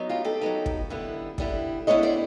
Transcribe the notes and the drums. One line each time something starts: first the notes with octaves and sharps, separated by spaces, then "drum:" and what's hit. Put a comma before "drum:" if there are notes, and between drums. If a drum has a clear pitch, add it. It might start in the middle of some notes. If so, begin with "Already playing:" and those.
Already playing: F#3 B3 D#4
F4 G4
G4 A4
F#3 B3 D#4
drum: kick
D3 G3 B3 E4
D3 G3 B3 E4, drum: kick
D3 G3 B3 E4 C#5 D#5
C5 D5